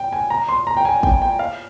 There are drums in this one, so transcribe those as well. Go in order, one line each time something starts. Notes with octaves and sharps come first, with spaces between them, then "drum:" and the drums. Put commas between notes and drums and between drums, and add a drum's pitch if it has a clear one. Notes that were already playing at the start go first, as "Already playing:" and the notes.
Already playing: G5
G#5
A#5
C6
A#5
G5
G#5
G5, drum: kick
G5
F5